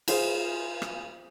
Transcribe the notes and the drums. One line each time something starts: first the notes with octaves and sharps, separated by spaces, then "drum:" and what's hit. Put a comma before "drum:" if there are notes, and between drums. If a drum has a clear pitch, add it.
F4 G#4 C5, drum: cymbal
drum: rim click